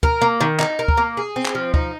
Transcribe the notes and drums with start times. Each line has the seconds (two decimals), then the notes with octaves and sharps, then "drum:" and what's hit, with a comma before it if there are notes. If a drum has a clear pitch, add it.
0.03 A#4, drum: kick
0.21 A#3
0.41 D#3
0.59 D#4, drum: clap
0.79 A#4
0.88 drum: kick
0.97 A#3
1.17 G#4
1.36 C4
1.46 drum: clap
1.55 F3
1.74 D#4, drum: kick